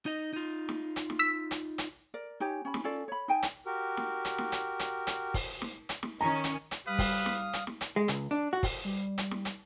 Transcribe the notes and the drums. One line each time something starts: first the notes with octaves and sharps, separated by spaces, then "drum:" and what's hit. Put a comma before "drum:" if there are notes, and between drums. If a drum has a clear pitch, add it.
D#4 D#5
D#4 F4
drum: snare
drum: hi-hat
drum: snare
E6 B6
drum: hi-hat
drum: hi-hat
A#4 D5
D#4 G4 C#5 G#5
C#4 B5
drum: snare
C#4 F4 A4 D5
C#5 B5
D#4 G5 G#5
drum: hi-hat
F#4 G4 A#4
drum: snare
drum: hi-hat
drum: snare
drum: hi-hat
drum: hi-hat
drum: hi-hat
drum: kick, open hi-hat
drum: snare
drum: hi-hat
drum: snare
D#3 C#4 A#5
drum: hi-hat
drum: hi-hat
G3 B4 F5 D#6
drum: kick, open hi-hat
drum: snare
drum: hi-hat
drum: snare
drum: hi-hat
G#3
C#2, drum: hi-hat
D4
F#4
drum: kick, open hi-hat
G3
drum: hi-hat
drum: snare
drum: hi-hat